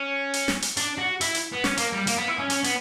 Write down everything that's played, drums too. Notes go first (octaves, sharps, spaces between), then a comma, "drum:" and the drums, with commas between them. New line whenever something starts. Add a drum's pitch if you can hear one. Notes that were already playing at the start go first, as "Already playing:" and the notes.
Already playing: C#4
drum: hi-hat
drum: snare
drum: hi-hat
D4, drum: hi-hat
F#4
E4, drum: hi-hat
drum: hi-hat
B3
C#4, drum: snare
A#3, drum: hi-hat
G3
A#3, drum: hi-hat
B3
E4
C#4
C#4, drum: hi-hat
B3, drum: hi-hat